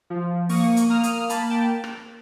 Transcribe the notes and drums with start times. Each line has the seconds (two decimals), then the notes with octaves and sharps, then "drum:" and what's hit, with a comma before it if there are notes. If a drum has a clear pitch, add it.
0.10 F3
0.49 A#3 C#6 D#6, drum: open hi-hat
0.77 drum: hi-hat
0.90 A#3 D#6 F6
1.03 drum: hi-hat
1.30 A#3 A5 B5, drum: hi-hat
1.50 G5 A5
1.84 drum: rim click